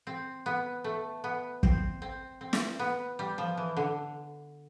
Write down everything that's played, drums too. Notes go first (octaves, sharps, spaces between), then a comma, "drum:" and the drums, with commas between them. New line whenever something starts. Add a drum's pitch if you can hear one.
C4
B3
A3
B3
C4, drum: kick
C4
C4
drum: snare
B3
G3
F3
E3
D3